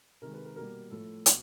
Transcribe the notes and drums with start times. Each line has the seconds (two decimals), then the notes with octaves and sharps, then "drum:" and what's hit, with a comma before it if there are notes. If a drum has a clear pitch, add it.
0.22 C3 D#3 G#3 A#4
0.34 B4
0.45 A#4
0.56 B2 G3 A#3 A#4
0.91 A2 F3 A3 A4
1.26 B2, drum: hi-hat